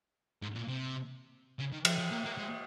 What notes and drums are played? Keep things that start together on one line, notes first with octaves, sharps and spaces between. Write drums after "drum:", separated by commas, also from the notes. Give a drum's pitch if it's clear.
G#2
A#2
C3
C#3
D#3
F3, drum: cymbal
F3
A#3
A#3
G#3